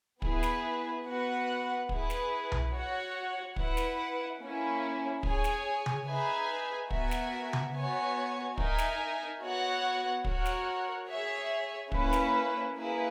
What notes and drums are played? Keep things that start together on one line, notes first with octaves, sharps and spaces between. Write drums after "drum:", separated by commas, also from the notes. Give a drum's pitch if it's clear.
B3 E4 G#4 B4, drum: kick
drum: snare
B3 F#4 B4 F#5
E4 G#4 B4, drum: kick
drum: snare
drum: tom B1
F#4 C#5 F#5
E4 B4 F#5, drum: kick
drum: snare
A#3 C#4 E4
G#4 C#5 G#5, drum: kick
drum: snare
drum: tom C#3
D#4 G#4 B4 E5 G#5
B3 F#4 A#4 E5 G#5, drum: kick
drum: snare
drum: tom C#3
B3 F#4 C#5 G#5
D#4 A#4 E5 G#5, drum: kick
drum: snare
B3 F#4 C#5 F#5
F#4 A#4 C#5 F#5, drum: kick
drum: snare
G#4 C#5 E5
A#3 C#4 E4 B4, drum: kick
drum: snare
A#3 E4 G#4 B4